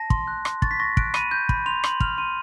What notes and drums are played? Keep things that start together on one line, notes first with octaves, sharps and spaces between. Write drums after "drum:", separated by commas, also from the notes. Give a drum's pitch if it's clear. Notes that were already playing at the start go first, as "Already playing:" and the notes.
Already playing: A5 A#6
C6, drum: kick
F#6
C6, drum: rim click
C#6 A6, drum: kick
B6
C#6 A#6
F#6 D7, drum: kick
B5 D#7, drum: rim click
G6
B5, drum: kick
C6 F7
C6 F#7, drum: rim click
F6 F7, drum: kick
C6 D#7